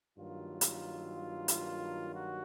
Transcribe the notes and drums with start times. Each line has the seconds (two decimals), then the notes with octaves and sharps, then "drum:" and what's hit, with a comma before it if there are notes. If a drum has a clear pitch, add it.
0.17 G2 D#3 F#3 A#3 F4
0.61 drum: hi-hat
1.48 F4, drum: hi-hat
2.14 F#4